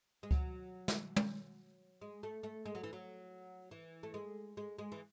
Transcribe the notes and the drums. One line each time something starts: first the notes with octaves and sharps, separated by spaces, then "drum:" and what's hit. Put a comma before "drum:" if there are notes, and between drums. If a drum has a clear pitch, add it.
G#3
F#3, drum: kick C#2
drum: snare
drum: tom
G#3
A3
A3
G#3
F#3
E3
F#3
E3
A3
G#3
G#3
G#3
E3